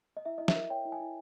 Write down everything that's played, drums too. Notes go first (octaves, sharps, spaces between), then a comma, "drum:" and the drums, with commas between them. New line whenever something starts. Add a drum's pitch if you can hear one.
D#5
E4 E5
E4 D#5
E5, drum: snare
A#4
C#5 G5
E4
G#5
E4